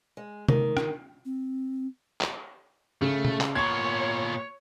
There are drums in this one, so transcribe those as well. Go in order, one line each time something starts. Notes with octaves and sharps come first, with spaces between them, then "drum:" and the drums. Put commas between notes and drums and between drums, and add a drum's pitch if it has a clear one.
G#3
D#3, drum: tom C3
drum: rim click
C4
drum: clap
C#3 A3
drum: tom
drum: clap
A#2 B3 C#5 C#6 G#6